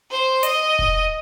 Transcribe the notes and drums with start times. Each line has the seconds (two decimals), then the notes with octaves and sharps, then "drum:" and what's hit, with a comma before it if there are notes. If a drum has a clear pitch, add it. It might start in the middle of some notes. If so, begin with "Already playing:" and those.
0.10 C5
0.43 D#5, drum: hi-hat
0.79 drum: kick E1